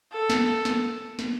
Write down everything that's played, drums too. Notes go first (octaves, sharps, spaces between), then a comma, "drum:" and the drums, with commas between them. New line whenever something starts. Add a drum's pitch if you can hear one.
A4
drum: snare
drum: snare
drum: snare